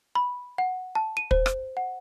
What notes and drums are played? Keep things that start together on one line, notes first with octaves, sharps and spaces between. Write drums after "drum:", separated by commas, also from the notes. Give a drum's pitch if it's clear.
B5
F#5
A5
D#7
C5, drum: kick
drum: rim click
F#5